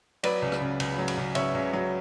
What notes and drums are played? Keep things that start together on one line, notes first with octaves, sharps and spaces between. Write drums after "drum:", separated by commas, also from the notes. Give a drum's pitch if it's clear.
F#3 B4 D5, drum: cymbal
C#2
drum: rim click
C#3
C#2, drum: cymbal
F#3
drum: cymbal
C#2
C#3 C#5 E5, drum: cymbal
C#2
F#3